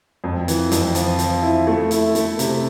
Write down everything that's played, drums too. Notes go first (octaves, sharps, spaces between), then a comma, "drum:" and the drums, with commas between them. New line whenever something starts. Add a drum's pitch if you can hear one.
F2
E3, drum: hi-hat
F2, drum: hi-hat
F3, drum: hi-hat
F3, drum: hi-hat
E4
A3
E4, drum: hi-hat
A3, drum: hi-hat
C3, drum: hi-hat